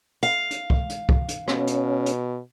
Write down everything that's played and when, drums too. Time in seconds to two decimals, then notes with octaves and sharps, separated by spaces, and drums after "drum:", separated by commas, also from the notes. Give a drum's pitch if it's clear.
0.23 F5
0.51 drum: hi-hat
0.70 drum: kick
0.89 drum: hi-hat
1.09 drum: kick
1.28 drum: hi-hat
1.48 B2 C#4, drum: rim click
1.67 drum: hi-hat
2.06 drum: hi-hat